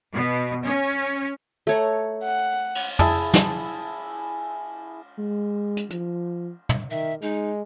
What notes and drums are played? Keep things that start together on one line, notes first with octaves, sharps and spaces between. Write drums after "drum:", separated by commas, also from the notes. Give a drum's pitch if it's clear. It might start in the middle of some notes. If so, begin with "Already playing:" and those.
B2
C#4
A3 C#5 A#5
F#5
drum: cymbal
E4 G#4 A5 E6, drum: tom
drum: snare
G#3
drum: hi-hat
F3, drum: hi-hat
drum: tom
D#3 E5
G#3 D#4